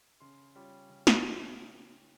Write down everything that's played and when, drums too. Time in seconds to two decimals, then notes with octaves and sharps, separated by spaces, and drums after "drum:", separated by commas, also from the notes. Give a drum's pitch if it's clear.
0.20 C#3 C6
0.55 G3 C#4 F4
0.90 C#3
1.07 drum: snare